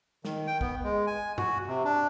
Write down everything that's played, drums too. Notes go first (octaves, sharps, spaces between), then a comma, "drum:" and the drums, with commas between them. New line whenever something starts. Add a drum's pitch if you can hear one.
D#3, drum: snare
G5
B3, drum: kick
G#3
G#5
F#4, drum: tom G2
C3
D4